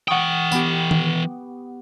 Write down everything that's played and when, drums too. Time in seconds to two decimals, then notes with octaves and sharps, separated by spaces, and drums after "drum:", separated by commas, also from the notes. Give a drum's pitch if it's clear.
0.08 E3 F#5 G5 C#6 D#6
0.52 B3 G4, drum: tambourine
0.91 drum: tom D#3